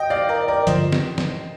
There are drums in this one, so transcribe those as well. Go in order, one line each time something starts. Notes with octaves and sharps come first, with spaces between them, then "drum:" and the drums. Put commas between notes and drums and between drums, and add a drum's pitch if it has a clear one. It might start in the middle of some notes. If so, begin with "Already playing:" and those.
Already playing: D#5 G5
D5 F5
A#4 D5
A#4 D5
G2 D3 F3 C5 D#5, drum: hi-hat
drum: snare
drum: snare